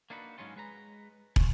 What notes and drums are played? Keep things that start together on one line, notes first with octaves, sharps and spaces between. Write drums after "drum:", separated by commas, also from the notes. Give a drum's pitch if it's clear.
A#3 D4 D#4 F#4 B4
G#2 F#3 G#3 C#4 F4
G#3 B4 A#5
G#2 B2 C#4 F4 F#4 C5, drum: kick